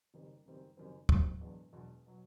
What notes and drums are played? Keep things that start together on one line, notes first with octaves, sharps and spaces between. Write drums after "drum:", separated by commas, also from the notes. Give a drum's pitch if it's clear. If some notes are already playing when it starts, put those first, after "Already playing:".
F#1 F#2 D#3 G3 C4
F#1 F#2 D#3 G3 C4
F#1 F#2 D#3 G3 C4
F#1 F#2 D#3 G3 C4, drum: kick
E1 E2 B2 F#3
E1 E2 B2 F#3
B2 F#3